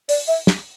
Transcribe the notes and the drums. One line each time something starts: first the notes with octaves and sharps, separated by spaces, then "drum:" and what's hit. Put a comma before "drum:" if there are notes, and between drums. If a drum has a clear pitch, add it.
D5, drum: open hi-hat
E5
drum: snare